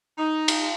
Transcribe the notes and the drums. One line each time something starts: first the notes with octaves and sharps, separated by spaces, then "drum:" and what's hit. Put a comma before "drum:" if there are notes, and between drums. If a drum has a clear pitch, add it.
D#4
drum: cymbal